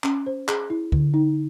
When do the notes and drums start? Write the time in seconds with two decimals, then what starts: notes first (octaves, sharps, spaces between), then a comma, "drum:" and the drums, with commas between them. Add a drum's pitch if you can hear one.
0.04 C#4, drum: clap
0.26 C5
0.48 G#4, drum: clap
0.70 E4
0.92 D3, drum: kick
1.14 D#4